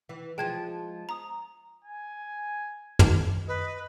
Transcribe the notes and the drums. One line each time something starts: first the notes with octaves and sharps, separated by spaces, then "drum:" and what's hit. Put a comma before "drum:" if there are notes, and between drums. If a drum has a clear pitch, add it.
E3
F3 G#3 G5 A5 G#6
A#5 D#6
G#5
drum: tom
B4 D#5